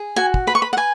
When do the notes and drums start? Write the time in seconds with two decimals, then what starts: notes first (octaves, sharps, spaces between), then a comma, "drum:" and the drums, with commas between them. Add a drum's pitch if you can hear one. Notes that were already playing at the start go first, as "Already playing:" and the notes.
Already playing: G#4
0.16 F#4 G#5
0.34 drum: kick
0.47 B4 B5
0.55 C#6
0.62 B5
0.73 F#5
0.77 B4 G#5